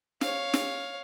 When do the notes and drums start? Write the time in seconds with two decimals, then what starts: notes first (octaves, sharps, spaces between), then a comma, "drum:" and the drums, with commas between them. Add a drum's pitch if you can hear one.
0.21 C#5 F5, drum: snare
0.54 drum: snare